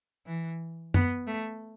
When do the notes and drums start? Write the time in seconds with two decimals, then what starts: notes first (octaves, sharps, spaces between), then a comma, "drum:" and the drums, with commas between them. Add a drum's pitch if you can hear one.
0.26 E3
0.94 B3, drum: tom F#2
1.27 A3